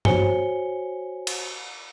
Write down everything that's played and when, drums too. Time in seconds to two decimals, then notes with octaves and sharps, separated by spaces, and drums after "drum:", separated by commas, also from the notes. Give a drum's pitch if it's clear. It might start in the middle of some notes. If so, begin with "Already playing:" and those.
0.05 F#4 C5 C#5 G#5 C#7 G7, drum: tom G2
1.27 drum: cymbal